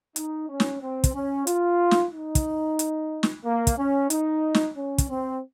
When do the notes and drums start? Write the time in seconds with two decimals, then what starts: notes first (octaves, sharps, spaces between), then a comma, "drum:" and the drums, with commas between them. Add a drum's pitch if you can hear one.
0.16 D#4, drum: hi-hat
0.48 C#4
0.60 drum: snare
0.82 C4
1.04 drum: kick, hi-hat
1.14 C#4
1.47 F4, drum: hi-hat
1.91 drum: snare
2.14 D#4
2.35 drum: kick, hi-hat
2.79 drum: hi-hat
3.23 drum: snare
3.45 A#3
3.67 drum: kick, hi-hat
3.77 C#4
4.10 D#4, drum: hi-hat
4.54 drum: snare
4.76 C#4
4.98 drum: kick, hi-hat
5.10 C4